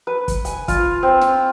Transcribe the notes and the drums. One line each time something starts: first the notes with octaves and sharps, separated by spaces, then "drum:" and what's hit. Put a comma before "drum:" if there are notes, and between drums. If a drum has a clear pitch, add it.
B4
drum: kick, hi-hat
G#5, drum: hi-hat
F4, drum: kick, hi-hat
C4
drum: snare